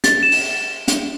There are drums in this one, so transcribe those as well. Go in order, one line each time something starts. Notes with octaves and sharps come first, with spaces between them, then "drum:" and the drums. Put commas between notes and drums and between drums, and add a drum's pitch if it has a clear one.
A6, drum: hi-hat
E7
drum: open hi-hat
drum: hi-hat